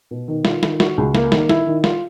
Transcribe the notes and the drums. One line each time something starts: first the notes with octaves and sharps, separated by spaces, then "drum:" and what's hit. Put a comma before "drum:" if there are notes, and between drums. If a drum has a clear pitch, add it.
B2
D#3
F4, drum: snare
D#3, drum: snare
F#4, drum: snare
C#2
A#3, drum: snare
D#3, drum: snare
E4, drum: snare
D#3
F4, drum: snare